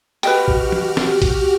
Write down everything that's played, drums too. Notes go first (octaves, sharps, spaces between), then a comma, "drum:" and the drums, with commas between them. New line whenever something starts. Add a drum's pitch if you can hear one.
F#4 G4 B4 D#5 G5 F6, drum: hi-hat
drum: kick
drum: tom
drum: snare
drum: kick, hi-hat